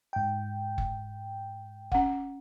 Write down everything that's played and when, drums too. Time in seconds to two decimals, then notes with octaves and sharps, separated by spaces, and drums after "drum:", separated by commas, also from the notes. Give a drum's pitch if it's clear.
0.13 G#2 G5
0.78 drum: kick F#1
1.92 C#4 F#5, drum: kick F#1